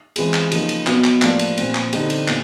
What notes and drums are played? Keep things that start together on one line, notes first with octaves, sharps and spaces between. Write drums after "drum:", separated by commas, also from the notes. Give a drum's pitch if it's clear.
E3 G#3 C4 F4 G#4, drum: cymbal
drum: clap
C#3 F3 A#3 D#4 G4, drum: cymbal
drum: cymbal
B2 F#3 B3, drum: clap
drum: clap
A2 F3 A#3 D4 G4, drum: clap
drum: cymbal
A#2 G3 C4, drum: cymbal
drum: clap
D3 G3 C4 D#4 G4, drum: cymbal
drum: cymbal
A#2, drum: clap